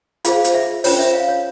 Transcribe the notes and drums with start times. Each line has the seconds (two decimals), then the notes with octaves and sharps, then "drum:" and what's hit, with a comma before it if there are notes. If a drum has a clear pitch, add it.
0.25 F4 G#4 C5 F5, drum: hi-hat
0.44 drum: hi-hat
0.54 E5
0.84 C#4 F4 C5 C#5, drum: open hi-hat
0.99 E5
1.14 F5
1.29 C#5